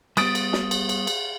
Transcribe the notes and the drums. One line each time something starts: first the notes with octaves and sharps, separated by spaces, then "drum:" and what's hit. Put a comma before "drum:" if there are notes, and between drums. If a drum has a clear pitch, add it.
G3 B3 D#6 A6 D7, drum: cymbal
drum: cymbal
drum: snare
drum: cymbal
drum: cymbal
drum: cymbal